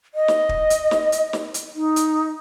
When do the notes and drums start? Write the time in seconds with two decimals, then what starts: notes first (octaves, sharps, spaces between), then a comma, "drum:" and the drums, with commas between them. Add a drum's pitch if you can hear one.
0.15 D#5
0.28 drum: snare
0.49 drum: kick
0.70 drum: hi-hat
0.91 drum: snare
1.12 drum: hi-hat
1.33 drum: snare
1.54 drum: hi-hat
1.75 D#4
1.96 drum: hi-hat